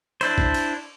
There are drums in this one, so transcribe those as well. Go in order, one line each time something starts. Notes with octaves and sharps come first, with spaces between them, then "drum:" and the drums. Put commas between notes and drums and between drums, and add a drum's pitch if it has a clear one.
D4 E4 C5, drum: cymbal
drum: kick A1
drum: cymbal